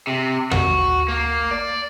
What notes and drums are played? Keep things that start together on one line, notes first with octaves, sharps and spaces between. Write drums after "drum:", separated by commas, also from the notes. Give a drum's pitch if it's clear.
C3
F#4, drum: tom
A#3
D5